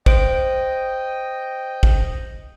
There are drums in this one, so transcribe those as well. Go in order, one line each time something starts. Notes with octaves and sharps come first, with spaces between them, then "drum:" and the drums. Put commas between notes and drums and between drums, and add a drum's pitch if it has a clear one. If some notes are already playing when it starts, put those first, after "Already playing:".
C5 D#5 G5 D7, drum: kick
drum: kick